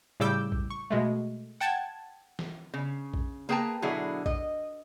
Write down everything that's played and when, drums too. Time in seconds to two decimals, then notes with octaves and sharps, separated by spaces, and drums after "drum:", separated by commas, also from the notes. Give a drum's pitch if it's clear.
0.20 A2 C#3 G3 D6 E6 G6
0.52 drum: kick
0.70 C#6
0.90 B2 G#3 A3
1.60 F#5 G5 A5 G#6 A6
2.39 drum: snare
2.74 C#3
3.14 drum: kick
3.49 A#3 G#4 B4 G5 A5 A#5
3.82 B2 D3 F#3 E4 G#4
4.26 D#5, drum: kick